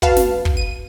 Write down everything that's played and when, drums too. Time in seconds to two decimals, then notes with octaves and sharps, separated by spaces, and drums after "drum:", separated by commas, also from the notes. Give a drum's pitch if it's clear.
0.02 F#4 B4 F5 A5, drum: kick
0.16 drum: snare
0.45 drum: kick
0.57 D#7